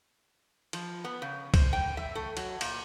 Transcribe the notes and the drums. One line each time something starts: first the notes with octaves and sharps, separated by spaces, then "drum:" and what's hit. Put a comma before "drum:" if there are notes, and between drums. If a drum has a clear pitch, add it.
F3, drum: cymbal
B3
C#3
C5, drum: kick, cymbal
G5
E5
A3
F#3, drum: cymbal
A#2, drum: cymbal